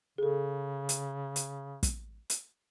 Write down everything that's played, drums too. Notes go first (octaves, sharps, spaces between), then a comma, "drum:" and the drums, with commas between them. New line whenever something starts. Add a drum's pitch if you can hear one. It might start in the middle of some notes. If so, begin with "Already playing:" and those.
C#3 G#4 A4
drum: hi-hat
drum: hi-hat
drum: kick, hi-hat
drum: hi-hat